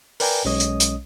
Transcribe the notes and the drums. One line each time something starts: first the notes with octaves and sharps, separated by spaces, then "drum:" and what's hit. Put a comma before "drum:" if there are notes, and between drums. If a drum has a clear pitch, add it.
A#4 B4 D5 G5 G#5 A#5, drum: open hi-hat
B1 G#3 C#4 C#5 D#5 D#6
drum: hi-hat
drum: hi-hat